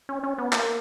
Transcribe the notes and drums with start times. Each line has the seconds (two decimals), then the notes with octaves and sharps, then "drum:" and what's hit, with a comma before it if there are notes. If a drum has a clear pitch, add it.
0.09 C#4
0.24 C#4
0.38 B3
0.53 A#3, drum: clap